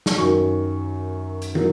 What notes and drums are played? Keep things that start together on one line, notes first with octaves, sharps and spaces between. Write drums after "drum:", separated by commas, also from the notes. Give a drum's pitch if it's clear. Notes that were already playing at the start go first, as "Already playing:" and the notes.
drum: snare
F#2 D#3 F#3 C#6
drum: hi-hat
D#3 F#3, drum: tom